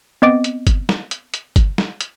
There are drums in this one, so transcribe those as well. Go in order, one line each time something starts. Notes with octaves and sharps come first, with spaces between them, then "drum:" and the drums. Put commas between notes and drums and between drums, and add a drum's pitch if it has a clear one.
B3 C4 D#5 D6 A6 D7
drum: hi-hat
drum: kick, hi-hat
drum: snare
drum: hi-hat
drum: hi-hat
drum: kick, hi-hat
drum: snare
drum: hi-hat